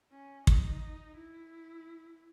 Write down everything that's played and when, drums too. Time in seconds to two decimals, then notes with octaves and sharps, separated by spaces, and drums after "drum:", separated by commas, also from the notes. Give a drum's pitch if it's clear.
0.12 C#4
0.47 D#4, drum: kick
1.17 E4